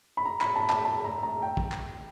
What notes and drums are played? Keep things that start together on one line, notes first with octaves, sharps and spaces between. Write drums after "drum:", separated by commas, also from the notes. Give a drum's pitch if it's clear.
B5
A#5
B5, drum: clap
A5
A5, drum: clap
A5
A#5
A#5
G5
drum: kick
drum: clap